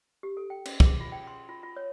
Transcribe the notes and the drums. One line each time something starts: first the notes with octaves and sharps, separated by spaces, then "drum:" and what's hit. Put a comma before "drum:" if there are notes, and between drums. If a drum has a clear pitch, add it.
G4
A4
G5
C#4, drum: cymbal
G#4, drum: kick
F4
G5
C6
F4
F4
C#5